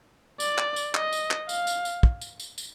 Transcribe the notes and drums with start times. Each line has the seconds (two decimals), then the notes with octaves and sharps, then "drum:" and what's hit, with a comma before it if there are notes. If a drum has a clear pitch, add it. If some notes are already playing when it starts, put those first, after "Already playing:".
0.40 D5, drum: tambourine
0.58 drum: clap
0.76 drum: tambourine
0.94 D#5, drum: clap
1.13 drum: tambourine
1.31 drum: clap
1.49 F5, drum: tambourine
1.67 drum: tambourine
1.85 drum: tambourine
2.03 drum: kick
2.21 drum: tambourine
2.40 drum: tambourine
2.58 drum: tambourine